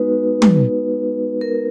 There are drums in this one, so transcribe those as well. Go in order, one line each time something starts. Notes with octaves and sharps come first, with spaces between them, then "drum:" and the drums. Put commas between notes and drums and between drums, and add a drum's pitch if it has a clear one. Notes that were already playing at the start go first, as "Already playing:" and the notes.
Already playing: G#3 B3 D#4 F#4 B4
drum: tom
A#4